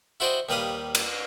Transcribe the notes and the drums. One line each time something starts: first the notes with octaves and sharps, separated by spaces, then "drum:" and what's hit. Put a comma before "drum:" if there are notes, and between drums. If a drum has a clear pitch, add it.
E4 F#4 C5 D5 D#5 G5
D#2 G3 B4 F5 D#6
drum: cymbal